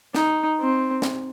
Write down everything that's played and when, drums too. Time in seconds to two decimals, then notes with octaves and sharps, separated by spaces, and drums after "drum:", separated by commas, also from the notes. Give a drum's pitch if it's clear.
0.15 D#4, drum: snare
0.60 C4
1.02 drum: snare